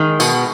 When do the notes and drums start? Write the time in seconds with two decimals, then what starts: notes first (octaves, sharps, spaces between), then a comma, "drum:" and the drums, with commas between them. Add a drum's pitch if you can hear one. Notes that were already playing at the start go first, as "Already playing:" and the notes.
Already playing: D#3 G#3
0.20 B2, drum: tambourine